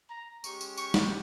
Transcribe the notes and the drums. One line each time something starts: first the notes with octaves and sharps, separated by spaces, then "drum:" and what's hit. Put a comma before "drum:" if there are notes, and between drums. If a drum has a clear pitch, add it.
A#5
G#3 C#4 G4 C#6, drum: tambourine
drum: tambourine
C#6, drum: tambourine
drum: snare